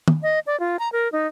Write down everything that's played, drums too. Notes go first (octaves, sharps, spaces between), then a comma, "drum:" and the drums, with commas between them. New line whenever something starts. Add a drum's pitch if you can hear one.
drum: tom
D#5
D5
F4
A#5
A#4
D#4